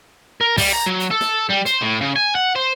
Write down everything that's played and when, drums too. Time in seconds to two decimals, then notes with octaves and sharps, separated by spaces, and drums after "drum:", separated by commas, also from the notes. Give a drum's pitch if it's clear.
0.41 A#4
0.58 G3, drum: kick, open hi-hat
0.73 A#5
0.86 F#3
1.00 drum: hi-hat
1.11 A4
1.21 drum: snare
1.49 G3
1.65 C5, drum: hi-hat
1.81 A2
2.01 C#3
2.16 G#5
2.35 F#5
2.56 C5